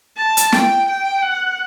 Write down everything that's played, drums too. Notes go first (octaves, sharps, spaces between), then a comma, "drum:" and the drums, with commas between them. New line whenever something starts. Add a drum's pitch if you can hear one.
A5
drum: hi-hat
G5, drum: snare
G5
F#5